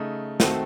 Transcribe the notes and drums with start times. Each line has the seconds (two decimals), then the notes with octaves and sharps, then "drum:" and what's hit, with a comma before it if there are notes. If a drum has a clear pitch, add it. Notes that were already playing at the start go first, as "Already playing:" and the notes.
Already playing: C#3 A3 D#4
0.40 D#3 A3 C4 F#4 A4, drum: snare